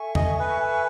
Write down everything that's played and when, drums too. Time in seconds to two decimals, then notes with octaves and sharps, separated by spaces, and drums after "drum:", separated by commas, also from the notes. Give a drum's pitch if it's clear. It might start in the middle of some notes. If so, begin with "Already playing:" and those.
Already playing: A4 E5 G#5 C#6
0.15 D#5, drum: tom E2
0.40 B4